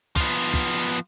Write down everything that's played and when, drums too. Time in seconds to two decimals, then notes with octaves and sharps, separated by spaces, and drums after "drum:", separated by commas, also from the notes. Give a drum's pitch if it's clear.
0.16 F3 B3, drum: kick
0.54 drum: kick